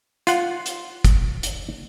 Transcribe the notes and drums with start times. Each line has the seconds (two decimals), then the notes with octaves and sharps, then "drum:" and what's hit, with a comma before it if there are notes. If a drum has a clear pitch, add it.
0.27 F4 F#5, drum: hi-hat
0.66 drum: hi-hat
1.05 drum: kick, hi-hat
1.43 drum: hi-hat